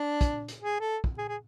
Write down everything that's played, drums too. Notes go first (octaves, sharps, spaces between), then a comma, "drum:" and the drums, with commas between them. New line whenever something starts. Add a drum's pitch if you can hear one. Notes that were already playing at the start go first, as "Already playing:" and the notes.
Already playing: D4
drum: kick, hi-hat
drum: hi-hat
G#4
A4
drum: kick
G#4
G#4